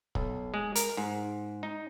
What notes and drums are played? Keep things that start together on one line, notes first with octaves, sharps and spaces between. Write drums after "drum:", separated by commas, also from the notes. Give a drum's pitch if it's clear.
B1, drum: kick
G#3
A#4, drum: hi-hat
G#2
D#4